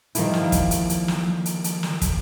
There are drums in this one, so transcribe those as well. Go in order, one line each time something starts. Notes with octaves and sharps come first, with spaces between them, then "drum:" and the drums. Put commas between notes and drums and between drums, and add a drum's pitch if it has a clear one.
D#3 F3 G3 A#3 E4, drum: hi-hat
drum: snare
drum: kick, hi-hat
drum: hi-hat
drum: hi-hat
drum: snare
drum: hi-hat
drum: hi-hat
drum: snare
drum: kick, hi-hat